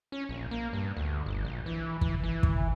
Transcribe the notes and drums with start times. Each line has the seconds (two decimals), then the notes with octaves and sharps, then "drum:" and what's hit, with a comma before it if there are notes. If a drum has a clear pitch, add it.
0.12 C#4
0.29 A#1
0.51 A#3
0.73 G2
0.97 D2
1.26 G1
1.44 A#1
1.66 E3
2.01 E3, drum: kick
2.24 E3
2.43 drum: kick